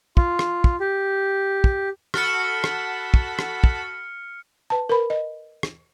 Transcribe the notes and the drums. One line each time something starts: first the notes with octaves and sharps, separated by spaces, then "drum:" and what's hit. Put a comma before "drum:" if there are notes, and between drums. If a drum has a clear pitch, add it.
F4, drum: kick
drum: rim click
drum: kick
G4
drum: kick
F#4 A4 B5 F6 C#7, drum: rim click
drum: rim click
drum: kick
drum: rim click
drum: kick
B4 A5
A#4 B4 B5
D#5
drum: rim click